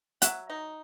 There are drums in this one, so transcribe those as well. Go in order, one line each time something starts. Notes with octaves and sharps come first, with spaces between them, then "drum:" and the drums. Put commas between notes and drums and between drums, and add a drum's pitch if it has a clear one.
F#3 E5 F#5, drum: hi-hat
D#4